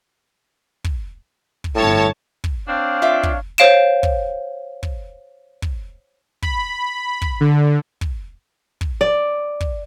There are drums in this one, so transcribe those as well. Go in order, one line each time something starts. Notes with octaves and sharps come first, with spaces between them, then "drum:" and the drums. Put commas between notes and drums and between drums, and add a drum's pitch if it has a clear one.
drum: kick
drum: kick
G1 A2 C#5 A5
drum: kick
C4 D4 C#5 F5
F4 E5 D6
drum: kick
C5 C#5 F5 D7 E7
drum: kick
drum: kick
drum: kick
B5, drum: kick
drum: kick
D3
drum: kick
drum: kick
D5
drum: kick